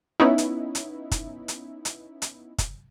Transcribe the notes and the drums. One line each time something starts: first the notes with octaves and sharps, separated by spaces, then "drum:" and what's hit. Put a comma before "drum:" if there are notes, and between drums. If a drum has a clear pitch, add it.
B3 C#4 D#4 E4
drum: hi-hat
drum: hi-hat
drum: kick, hi-hat
drum: hi-hat
drum: hi-hat
drum: hi-hat
drum: kick, hi-hat